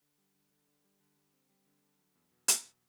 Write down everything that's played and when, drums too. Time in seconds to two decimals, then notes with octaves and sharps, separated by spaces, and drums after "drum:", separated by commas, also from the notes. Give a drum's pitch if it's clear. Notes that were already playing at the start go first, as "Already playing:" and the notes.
0.02 D3
0.18 G3
0.35 D3
0.51 D3
0.67 D3
0.84 G3
1.00 D3
1.17 G3
1.33 C4
1.49 G3
1.66 D3
1.82 D3
1.99 F#3
2.15 E2
2.32 B2
2.48 B2, drum: hi-hat
2.65 B2